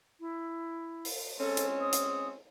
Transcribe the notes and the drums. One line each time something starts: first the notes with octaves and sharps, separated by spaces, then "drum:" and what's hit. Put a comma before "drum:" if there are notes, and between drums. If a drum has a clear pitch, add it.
E4
drum: open hi-hat
G#3 C4 C#4 A4
drum: hi-hat
D#6
drum: hi-hat